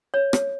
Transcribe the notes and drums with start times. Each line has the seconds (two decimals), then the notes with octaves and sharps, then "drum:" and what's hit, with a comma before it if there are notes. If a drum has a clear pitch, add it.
0.14 C#5
0.33 drum: rim click